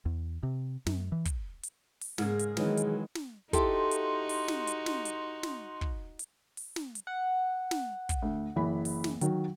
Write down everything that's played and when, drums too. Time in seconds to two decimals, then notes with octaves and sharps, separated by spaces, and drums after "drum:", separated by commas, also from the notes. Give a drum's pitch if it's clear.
0.05 E2
0.43 C3
0.87 F#2, drum: snare
1.12 E3
1.25 drum: kick, hi-hat
1.63 drum: hi-hat
2.01 drum: open hi-hat
2.18 G#2 C#3 A#3 G#4, drum: snare
2.39 drum: hi-hat
2.57 D#3 E3 F#3 G#3, drum: snare
2.77 drum: hi-hat
3.15 drum: snare
3.53 D#4 E4 F#4 G4 A4 C6, drum: kick, hi-hat
3.91 drum: hi-hat
4.29 drum: open hi-hat
4.48 drum: snare
4.67 drum: hi-hat
4.86 drum: snare
5.05 drum: hi-hat
5.43 drum: snare
5.81 drum: kick
6.19 drum: hi-hat
6.57 drum: open hi-hat
6.76 drum: snare
6.95 drum: hi-hat
7.07 F#5
7.71 drum: snare
8.09 drum: kick, hi-hat
8.22 D2
8.56 F#1 E3 B5
8.85 drum: open hi-hat
9.04 drum: snare
9.21 D#3 F#3 F#4, drum: hi-hat